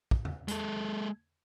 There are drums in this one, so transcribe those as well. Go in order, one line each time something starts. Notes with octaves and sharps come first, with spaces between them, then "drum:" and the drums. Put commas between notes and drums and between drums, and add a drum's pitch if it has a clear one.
drum: kick
drum: tom E2
G#3 A4, drum: hi-hat